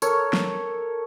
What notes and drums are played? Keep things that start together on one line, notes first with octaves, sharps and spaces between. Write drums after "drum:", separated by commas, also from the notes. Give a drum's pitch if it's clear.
A4 A#4 C#5, drum: tambourine
drum: snare